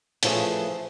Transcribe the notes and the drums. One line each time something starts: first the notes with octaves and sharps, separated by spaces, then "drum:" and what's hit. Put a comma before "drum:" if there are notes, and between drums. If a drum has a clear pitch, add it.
C#3 E3 F3 A3 G#4, drum: hi-hat